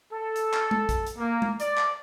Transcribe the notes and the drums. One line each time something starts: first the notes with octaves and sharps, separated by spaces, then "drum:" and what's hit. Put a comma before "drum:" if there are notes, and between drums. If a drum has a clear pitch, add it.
A4
drum: hi-hat
drum: clap
drum: tom G#3
drum: kick A#1, hi-hat
drum: hi-hat
A#3
drum: tom G#3
D5, drum: hi-hat
drum: clap